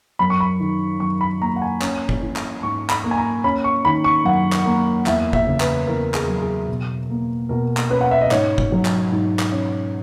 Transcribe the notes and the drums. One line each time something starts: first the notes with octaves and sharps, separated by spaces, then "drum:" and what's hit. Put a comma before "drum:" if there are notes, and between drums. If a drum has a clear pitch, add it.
F#2 B5
C#6
B5
D#3
F#2 C#6
B5
A#3 A#5
F#5
G#5
C#4, drum: clap
drum: kick F#1
E3
drum: clap
G#2 C#6
B5, drum: clap
A#3
G#5
A#5
C#4 B5
C#6
D#3 B5
C#6
F#2 F#5
drum: clap
A#3
E2 E5, drum: clap
E5, drum: kick F#1
C#3
B4, drum: clap
E2 A#4
G#4, drum: clap
F#3
G#4
B2
A#3
B2 A#4
drum: clap
C#4 B4
F#5
E5
D#5
G#2 C#5, drum: clap
drum: kick F#1
F#3
drum: clap
G#2
drum: clap
C#4